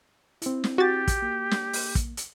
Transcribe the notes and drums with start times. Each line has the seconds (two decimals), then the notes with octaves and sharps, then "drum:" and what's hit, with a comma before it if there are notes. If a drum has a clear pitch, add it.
0.42 C4 E4, drum: hi-hat
0.64 drum: snare
0.78 F#4 G4 A6
1.08 drum: kick, hi-hat
1.22 A#3
1.51 drum: snare
1.73 drum: open hi-hat
1.95 drum: kick, hi-hat
2.17 drum: hi-hat